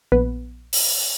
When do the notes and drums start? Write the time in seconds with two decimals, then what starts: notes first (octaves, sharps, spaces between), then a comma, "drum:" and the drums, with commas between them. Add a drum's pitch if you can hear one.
0.12 A#1 B3 B4
0.73 drum: open hi-hat